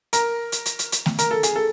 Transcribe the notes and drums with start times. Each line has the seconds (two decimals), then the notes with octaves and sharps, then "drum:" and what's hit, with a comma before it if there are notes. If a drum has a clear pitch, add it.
0.13 A#4, drum: hi-hat
0.52 drum: hi-hat
0.66 drum: hi-hat
0.79 drum: hi-hat
0.92 drum: hi-hat
1.06 drum: snare A3
1.19 A#4, drum: hi-hat
1.31 A4
1.43 G#4, drum: hi-hat
1.56 A4